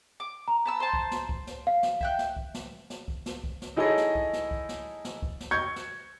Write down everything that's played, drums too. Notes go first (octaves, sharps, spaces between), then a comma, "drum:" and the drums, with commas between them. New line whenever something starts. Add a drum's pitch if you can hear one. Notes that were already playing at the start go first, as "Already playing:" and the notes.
D6
A#5
B3 A5 E6
C5 A5
drum: kick C2
drum: snare
drum: kick C2
drum: snare
F5
drum: snare
E5 G5 F#6, drum: kick C2
drum: snare
drum: kick C2
drum: snare
drum: snare
drum: kick C2
drum: snare
drum: kick C2
drum: snare
D#4 E4 G#4 A4 C#5 D#5
drum: snare
drum: kick C2
drum: snare
drum: kick C2
drum: snare
drum: snare
drum: kick C2
drum: snare
C#6 G6 G#6 C#7
drum: snare